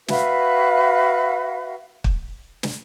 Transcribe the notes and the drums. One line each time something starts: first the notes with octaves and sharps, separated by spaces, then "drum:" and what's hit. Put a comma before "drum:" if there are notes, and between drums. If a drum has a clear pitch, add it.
F#4 B4 E5 F5, drum: snare
drum: kick
drum: snare